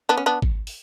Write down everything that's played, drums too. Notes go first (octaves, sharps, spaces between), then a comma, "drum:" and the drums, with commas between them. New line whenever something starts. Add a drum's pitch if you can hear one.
B3 D4
C#4
B3 D4
drum: kick G#1
drum: open hi-hat